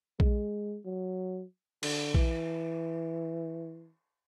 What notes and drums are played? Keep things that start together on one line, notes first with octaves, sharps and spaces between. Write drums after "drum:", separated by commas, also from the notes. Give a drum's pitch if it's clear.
G#3, drum: kick A#1
F#3
D3, drum: cymbal
E3, drum: kick A#1